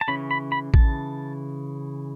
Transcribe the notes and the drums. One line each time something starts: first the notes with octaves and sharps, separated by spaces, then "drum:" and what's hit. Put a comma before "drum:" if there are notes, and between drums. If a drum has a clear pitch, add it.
A5
C#3 E3 C#4 B5
B5
B5
A5, drum: kick A1